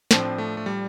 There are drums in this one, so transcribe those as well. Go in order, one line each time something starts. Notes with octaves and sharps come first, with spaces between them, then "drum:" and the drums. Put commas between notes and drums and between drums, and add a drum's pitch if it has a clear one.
A2 F3 C4 D4, drum: snare
A3
A3
G3